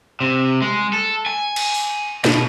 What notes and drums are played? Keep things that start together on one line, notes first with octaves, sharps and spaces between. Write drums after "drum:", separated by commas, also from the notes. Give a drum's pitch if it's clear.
C3
G#3
A4
G#5
drum: cymbal
drum: open hi-hat
B2, drum: snare